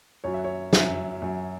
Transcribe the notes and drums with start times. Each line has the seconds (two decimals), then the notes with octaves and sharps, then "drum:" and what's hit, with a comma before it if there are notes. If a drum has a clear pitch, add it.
0.24 F#2 F#3 C#5
0.34 E5
0.44 C#5
0.73 F#2 F#3 E5, drum: snare
1.22 F#2 F#3